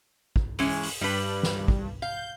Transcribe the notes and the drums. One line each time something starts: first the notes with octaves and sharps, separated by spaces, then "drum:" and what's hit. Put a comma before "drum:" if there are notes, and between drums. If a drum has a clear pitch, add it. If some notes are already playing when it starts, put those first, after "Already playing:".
drum: kick
E3 G#3 C#4, drum: open hi-hat
drum: open hi-hat
G2 G3 B4
drum: snare
drum: kick
F5 G6